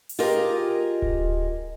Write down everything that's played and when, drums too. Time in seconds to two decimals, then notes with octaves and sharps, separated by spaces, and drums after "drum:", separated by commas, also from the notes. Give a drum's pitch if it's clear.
0.09 drum: open hi-hat
0.19 F4 G4 G#4 A#4 D#5
1.02 drum: kick D1